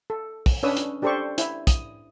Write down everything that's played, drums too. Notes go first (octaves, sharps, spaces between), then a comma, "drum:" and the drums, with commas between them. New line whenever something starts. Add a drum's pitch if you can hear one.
A4
drum: kick, open hi-hat
C#4 D4 B4 C#5 D#6 E6
drum: hi-hat
D4 G4 A4 C5 D5 C#6
E4, drum: hi-hat
D#6, drum: kick, hi-hat